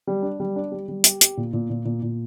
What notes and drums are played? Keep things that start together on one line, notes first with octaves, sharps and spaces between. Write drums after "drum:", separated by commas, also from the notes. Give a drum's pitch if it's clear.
G3
D4
G3
D4
G3
G3
G4, drum: hi-hat
G4, drum: hi-hat
A#2
A#2
A#2
A#2
A#2